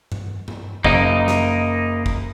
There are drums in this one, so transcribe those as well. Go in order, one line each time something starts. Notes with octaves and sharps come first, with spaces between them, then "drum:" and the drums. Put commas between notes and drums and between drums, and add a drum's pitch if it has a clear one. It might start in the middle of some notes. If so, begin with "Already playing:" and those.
drum: tom G2
drum: tom G2
F#1 A#3 D#4 D#5, drum: kick
drum: snare
drum: kick